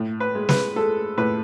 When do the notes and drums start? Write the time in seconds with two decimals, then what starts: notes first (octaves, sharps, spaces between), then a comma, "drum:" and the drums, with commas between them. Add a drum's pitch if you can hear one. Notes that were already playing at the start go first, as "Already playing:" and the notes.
Already playing: A2
0.20 B4
0.35 G#3
0.49 B4, drum: snare
0.76 G#3 A4
1.18 A2 B4